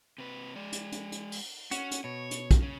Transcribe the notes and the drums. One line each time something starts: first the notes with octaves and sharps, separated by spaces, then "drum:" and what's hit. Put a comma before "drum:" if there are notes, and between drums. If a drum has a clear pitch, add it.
C3 B4
G#3 D5
drum: hi-hat
drum: hi-hat
drum: hi-hat
drum: open hi-hat
C#4 F#4, drum: hi-hat
drum: hi-hat
B2 C#5
drum: hi-hat
drum: kick, hi-hat
C#3